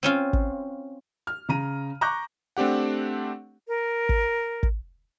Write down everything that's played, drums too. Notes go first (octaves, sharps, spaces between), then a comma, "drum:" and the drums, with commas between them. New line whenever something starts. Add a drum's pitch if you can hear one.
C4 C#4 F4
drum: kick
F6
C#3 A#5 D#7
A#5 C#6 D6 F#6 G6 A#6
A3 C4 D4 G4 F#5
A#4
drum: kick
drum: kick